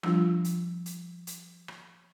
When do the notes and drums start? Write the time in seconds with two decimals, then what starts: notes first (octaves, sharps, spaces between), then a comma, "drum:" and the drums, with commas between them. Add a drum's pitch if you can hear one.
0.03 F3 G3 D4 F4, drum: rim click
0.44 drum: hi-hat
0.86 drum: hi-hat
1.27 drum: hi-hat
1.68 drum: rim click